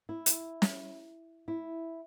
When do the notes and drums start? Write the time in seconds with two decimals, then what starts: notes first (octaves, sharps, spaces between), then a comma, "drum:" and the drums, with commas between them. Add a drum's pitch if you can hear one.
0.09 E4
0.26 drum: hi-hat
0.62 drum: snare
1.48 E4